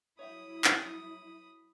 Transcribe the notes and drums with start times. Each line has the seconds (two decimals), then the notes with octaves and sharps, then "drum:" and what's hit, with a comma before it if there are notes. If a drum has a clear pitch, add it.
0.19 F#3 E4 C#5 E5 G5 B5 D#6
0.64 drum: clap